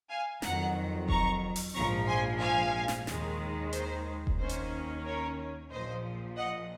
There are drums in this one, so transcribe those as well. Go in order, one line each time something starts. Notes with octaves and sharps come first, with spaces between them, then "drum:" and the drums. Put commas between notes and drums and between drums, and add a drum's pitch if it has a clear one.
F5 G#5
F2 D#3 F#3 F#5 A#5, drum: snare
A#5 C#6, drum: kick E1
drum: open hi-hat
A#1 G#2 F3 A#5 C#6
G#5 C6
F5 G#5
drum: snare
D#2 D#3 G#3, drum: snare
C5, drum: hi-hat
drum: kick E1
D#2 D#3 A#3 C#4 C5
drum: hi-hat
A#4 C#5
A#1 A#2 F3 C5 D#5
D#5 F#5